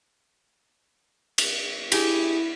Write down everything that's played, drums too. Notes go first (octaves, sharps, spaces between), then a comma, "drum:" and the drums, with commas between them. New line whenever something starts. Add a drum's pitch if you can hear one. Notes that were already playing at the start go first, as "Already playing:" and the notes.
drum: cymbal
E4 G4 G#4, drum: cymbal